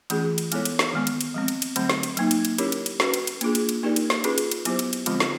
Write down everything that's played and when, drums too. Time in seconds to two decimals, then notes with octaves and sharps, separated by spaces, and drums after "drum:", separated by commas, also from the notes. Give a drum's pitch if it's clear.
0.10 E3 A3 C#4 F4 G#4, drum: cymbal
0.38 drum: cymbal
0.52 G#3 B3 E4 A4 C#5, drum: cymbal
0.65 drum: cymbal
0.79 drum: snare
0.93 D#3 G#3 B3
1.07 drum: cymbal
1.21 drum: cymbal
1.34 F3 G#3 C4
1.48 drum: cymbal
1.62 drum: cymbal
1.76 D3 F#3 A3 C4, drum: cymbal
1.90 drum: snare
2.03 drum: cymbal
2.17 F#3 A#3 D#4, drum: cymbal
2.31 drum: cymbal
2.45 drum: cymbal
2.58 C#4 E4 G4 A#4 C#5, drum: cymbal
2.72 drum: cymbal
2.86 drum: cymbal
3.00 C#4 F#4 B4, drum: snare
3.14 drum: cymbal
3.27 drum: cymbal
3.41 A#3 D4 F4 G#4, drum: cymbal
3.55 drum: cymbal
3.69 drum: cymbal
3.83 A#3 D#4 G4 A#4 D5
3.96 drum: cymbal
4.10 drum: snare
4.24 C#4 F4 G#4 B4, drum: cymbal
4.38 drum: cymbal
4.51 drum: cymbal
4.65 F#3 B3 E4 G4 C5, drum: cymbal
4.79 drum: cymbal
4.93 drum: cymbal
5.06 D3 F3 G#3 C4 F4, drum: cymbal
5.20 drum: snare